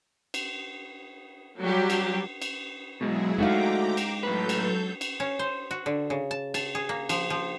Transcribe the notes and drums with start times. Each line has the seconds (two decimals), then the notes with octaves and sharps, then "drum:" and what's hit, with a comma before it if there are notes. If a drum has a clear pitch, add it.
0.34 drum: cymbal
1.59 F#3 G3 G4
1.90 drum: cymbal
2.42 drum: cymbal
3.01 B2 F#3 G#3 E4 G#4
3.38 G#3 A3 D#4 F#4 F5 G5 A#5 D6
3.97 drum: cymbal
4.23 A2 F#3 A4 B4 G6
4.49 drum: cymbal
5.01 drum: cymbal
5.20 C#4
5.39 C5
5.71 F#4
5.86 D3
6.10 C#3
6.31 A5
6.54 A5, drum: cymbal
6.75 G#4
6.89 A#3
7.09 F3, drum: cymbal
7.30 F3